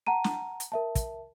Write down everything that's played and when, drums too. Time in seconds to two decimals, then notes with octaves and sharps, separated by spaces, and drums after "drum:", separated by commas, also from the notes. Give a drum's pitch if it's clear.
0.07 F#5 A5 A#5 D#7
0.24 drum: snare
0.60 drum: hi-hat
0.72 A#4 E5 A5
0.95 drum: kick, hi-hat